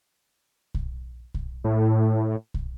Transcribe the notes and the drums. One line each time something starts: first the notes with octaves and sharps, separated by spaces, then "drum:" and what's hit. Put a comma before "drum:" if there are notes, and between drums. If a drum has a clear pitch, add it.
drum: kick
drum: kick
A2
drum: kick